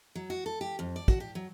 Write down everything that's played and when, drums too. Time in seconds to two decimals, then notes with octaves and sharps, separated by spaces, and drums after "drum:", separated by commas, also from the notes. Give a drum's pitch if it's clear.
0.15 F#3
0.30 F#4
0.46 A4
0.61 G4
0.79 F2
0.96 D5
1.08 F#4, drum: kick
1.20 G4
1.35 F#3